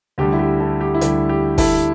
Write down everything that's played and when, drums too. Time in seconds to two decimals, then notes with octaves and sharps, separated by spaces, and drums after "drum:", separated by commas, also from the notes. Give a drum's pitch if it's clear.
0.18 D2 D3 G3 G4
0.33 E4
0.39 G4
0.60 E4 A4
0.81 G4
0.94 E4
1.01 D2 D3 G3 G4, drum: hi-hat
1.29 G4
1.58 E4 A4, drum: kick, open hi-hat